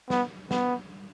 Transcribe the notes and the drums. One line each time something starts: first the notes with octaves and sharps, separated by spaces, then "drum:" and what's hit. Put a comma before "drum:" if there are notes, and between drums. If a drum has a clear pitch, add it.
B3, drum: snare
B3, drum: snare